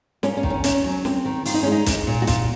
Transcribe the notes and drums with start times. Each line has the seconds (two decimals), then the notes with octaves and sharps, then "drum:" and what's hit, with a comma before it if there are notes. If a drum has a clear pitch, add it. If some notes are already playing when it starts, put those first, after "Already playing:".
0.23 A#3 C#4, drum: snare
0.37 C#4
0.43 D#3, drum: kick
0.50 C#4
0.64 D#3 C#4, drum: hi-hat
0.84 F#3
1.05 C4, drum: snare
1.25 D#3
1.45 D#3 F4, drum: open hi-hat
1.54 D#4
1.63 G#3 C#4
1.72 D#4
1.86 A#3, drum: kick, hi-hat
2.07 A#2
2.22 F#4
2.27 A#2 F4, drum: kick, hi-hat